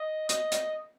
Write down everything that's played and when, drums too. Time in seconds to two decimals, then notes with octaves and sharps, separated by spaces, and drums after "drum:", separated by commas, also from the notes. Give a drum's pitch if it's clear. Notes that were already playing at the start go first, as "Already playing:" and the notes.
Already playing: D#5
0.29 D#5, drum: hi-hat
0.52 drum: hi-hat